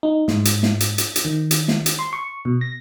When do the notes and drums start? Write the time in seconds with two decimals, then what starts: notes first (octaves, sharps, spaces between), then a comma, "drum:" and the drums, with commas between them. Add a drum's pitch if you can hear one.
0.03 D#4
0.28 G#2, drum: snare
0.45 drum: hi-hat
0.63 drum: snare
0.80 drum: hi-hat
0.98 drum: hi-hat
1.16 drum: hi-hat
1.25 D#3
1.51 drum: hi-hat
1.68 drum: snare
1.86 drum: hi-hat
1.99 C6
2.13 C#6
2.45 B2
2.61 A#6